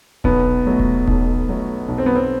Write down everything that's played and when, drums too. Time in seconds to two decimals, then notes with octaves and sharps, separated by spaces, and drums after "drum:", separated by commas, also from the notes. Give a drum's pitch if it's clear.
0.24 B1 B3, drum: kick D#1
0.66 B2 F#3 A3
0.79 drum: kick D#1
1.07 B1, drum: kick D#1
1.48 B2 F#3 A3
1.88 B1
1.98 C4
2.06 B3
2.16 C4